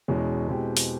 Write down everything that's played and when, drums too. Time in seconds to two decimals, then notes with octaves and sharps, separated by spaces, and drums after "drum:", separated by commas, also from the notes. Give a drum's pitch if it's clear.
0.08 E2 B2 G#3 C#4 E4
0.48 B2 G#3 C4 E4 G4
0.77 drum: open hi-hat